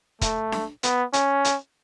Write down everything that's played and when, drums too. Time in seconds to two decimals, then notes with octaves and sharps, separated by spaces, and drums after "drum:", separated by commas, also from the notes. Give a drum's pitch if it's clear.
0.21 A3, drum: kick, hi-hat
0.52 drum: snare D4
0.83 B3, drum: hi-hat
1.13 C#4, drum: hi-hat
1.45 drum: hi-hat